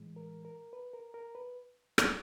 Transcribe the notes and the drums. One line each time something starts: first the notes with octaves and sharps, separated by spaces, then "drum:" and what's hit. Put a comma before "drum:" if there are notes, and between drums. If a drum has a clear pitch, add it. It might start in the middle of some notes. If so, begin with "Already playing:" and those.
Already playing: A2 E3 G#3
A#4
A#4
B4
A#4
A#4
B4
drum: rim click